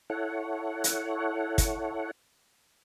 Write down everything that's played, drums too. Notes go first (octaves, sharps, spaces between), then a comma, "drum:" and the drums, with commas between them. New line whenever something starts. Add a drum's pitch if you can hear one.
E4 A4 C#5 F#5
drum: hi-hat
drum: kick, hi-hat